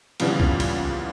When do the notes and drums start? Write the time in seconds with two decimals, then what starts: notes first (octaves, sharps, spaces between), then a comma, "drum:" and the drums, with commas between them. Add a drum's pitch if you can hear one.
0.20 A#2 C#3 E3 F3 G3 B3, drum: cymbal
0.40 drum: kick C2
0.60 drum: cymbal